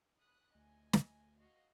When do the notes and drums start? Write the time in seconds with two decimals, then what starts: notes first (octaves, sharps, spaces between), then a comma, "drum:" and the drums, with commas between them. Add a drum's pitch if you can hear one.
0.18 B5 D#6 F#6
0.55 D2 D#5 G#5
0.93 drum: snare
1.39 F#4 D#5 F5